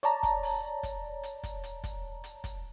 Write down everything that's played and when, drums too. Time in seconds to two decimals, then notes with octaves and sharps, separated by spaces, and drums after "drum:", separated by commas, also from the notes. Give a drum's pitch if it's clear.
0.03 C#5 D5 A5 A#5, drum: hi-hat
0.23 drum: kick, hi-hat
0.43 drum: open hi-hat
0.83 drum: kick, hi-hat
1.23 drum: hi-hat
1.43 drum: kick, hi-hat
1.64 drum: hi-hat
1.84 drum: kick, hi-hat
2.24 drum: hi-hat
2.44 drum: kick, hi-hat